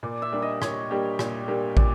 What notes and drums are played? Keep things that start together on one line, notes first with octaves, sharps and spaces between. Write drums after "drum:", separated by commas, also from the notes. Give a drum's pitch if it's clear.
A#2 D5
E5
G3 A#3 D4 G4
D#5
A#2 C#5, drum: rim click
G3 A#3 D4 G4
A#2, drum: rim click
G3 A#3 D4 G4
A#2 D5, drum: kick